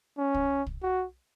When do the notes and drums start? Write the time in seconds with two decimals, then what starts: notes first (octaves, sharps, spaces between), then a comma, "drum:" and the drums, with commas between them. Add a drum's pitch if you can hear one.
0.18 C#4
0.34 drum: kick
0.66 drum: kick
0.83 F#4